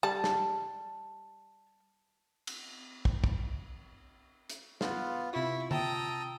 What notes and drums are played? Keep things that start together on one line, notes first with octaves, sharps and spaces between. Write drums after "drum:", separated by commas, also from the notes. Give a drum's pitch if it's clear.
G3 A5
drum: snare
drum: cymbal
drum: kick
drum: kick
drum: hi-hat
B3 F4, drum: snare
C3 E4 F4 C#6
G5 A5 A#5 D#6 E6, drum: tom D3